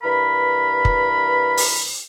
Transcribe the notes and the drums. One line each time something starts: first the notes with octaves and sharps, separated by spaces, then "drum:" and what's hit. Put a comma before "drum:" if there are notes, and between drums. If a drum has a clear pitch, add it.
G2 E3 A#4 B5
drum: kick
drum: open hi-hat